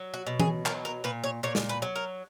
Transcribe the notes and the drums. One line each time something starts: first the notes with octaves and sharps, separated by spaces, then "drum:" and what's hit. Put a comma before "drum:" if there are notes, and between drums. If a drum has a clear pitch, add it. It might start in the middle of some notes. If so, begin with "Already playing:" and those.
Already playing: F#3
F#4
B2
G#4, drum: tom E3
F#3 A#4, drum: clap
A#4
A#2 B4
C#5
A#2 C#5
drum: snare
B4
F#3
A#4